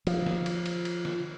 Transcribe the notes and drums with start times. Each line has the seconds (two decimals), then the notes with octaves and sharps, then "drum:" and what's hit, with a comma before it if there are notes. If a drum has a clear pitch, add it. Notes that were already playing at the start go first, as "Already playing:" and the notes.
0.07 F3, drum: cymbal
0.26 drum: snare
0.46 drum: cymbal
0.66 drum: cymbal
0.85 drum: cymbal
1.05 drum: snare